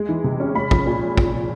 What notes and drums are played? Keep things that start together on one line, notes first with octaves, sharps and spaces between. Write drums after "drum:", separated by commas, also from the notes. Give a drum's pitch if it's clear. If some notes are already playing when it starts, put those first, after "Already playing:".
Already playing: G#3
E3
C3
C#4
G#3 B5
F3, drum: kick
A#2
drum: kick